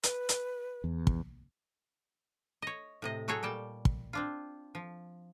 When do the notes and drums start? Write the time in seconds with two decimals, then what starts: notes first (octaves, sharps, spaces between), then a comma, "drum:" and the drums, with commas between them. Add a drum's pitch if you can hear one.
0.03 B4, drum: hi-hat
0.29 drum: hi-hat
0.84 E2
1.07 drum: kick
2.62 C#5 D#5
3.02 A2 C3 D#5
3.28 F#3 F#4 G#4 A4 C#5
3.43 A#2 G3 G5 A5
3.85 drum: kick
4.13 C4 D4 F4
4.75 F3